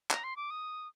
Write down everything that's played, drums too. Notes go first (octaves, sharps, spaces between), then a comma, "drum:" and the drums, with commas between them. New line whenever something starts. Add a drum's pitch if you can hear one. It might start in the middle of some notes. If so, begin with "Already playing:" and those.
A#5, drum: clap
C6
D6
D#6